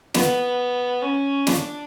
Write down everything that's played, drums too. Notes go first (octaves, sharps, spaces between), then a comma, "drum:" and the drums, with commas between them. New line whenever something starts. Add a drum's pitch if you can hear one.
B3, drum: snare
C#4
D4, drum: snare